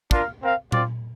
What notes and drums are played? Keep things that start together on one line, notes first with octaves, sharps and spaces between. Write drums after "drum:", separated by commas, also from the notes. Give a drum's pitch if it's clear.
D4 F4 A#4 F5, drum: kick
C4 A#4 F5
C4 F4 D5, drum: tom A#2